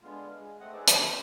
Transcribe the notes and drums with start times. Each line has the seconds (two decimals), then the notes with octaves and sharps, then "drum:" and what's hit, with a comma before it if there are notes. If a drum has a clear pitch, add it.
0.01 D3 G#3 B3 F4
0.35 G#3
0.60 A3 C4 D#5 F#5
0.72 D#4 G#4 B4 D5 E5
0.88 D#3 E3 F#3 A#3 B3 D4, drum: hi-hat
1.05 C5 E5